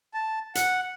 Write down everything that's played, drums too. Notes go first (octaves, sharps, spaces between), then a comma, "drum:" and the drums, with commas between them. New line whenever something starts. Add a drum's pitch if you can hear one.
A5
F#5, drum: hi-hat